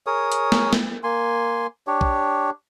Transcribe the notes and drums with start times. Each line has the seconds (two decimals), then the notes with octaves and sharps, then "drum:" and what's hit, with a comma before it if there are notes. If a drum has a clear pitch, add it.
0.07 G#4 A#4 C#5 D#6
0.32 drum: hi-hat
0.52 drum: snare
0.73 drum: snare
1.03 A#3 G#5 C6
1.87 D4 G4 C#5
2.01 drum: kick A#1